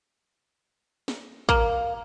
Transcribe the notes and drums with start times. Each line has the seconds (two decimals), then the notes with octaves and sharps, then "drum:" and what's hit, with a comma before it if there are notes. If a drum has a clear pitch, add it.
1.08 drum: snare
1.49 A#3, drum: kick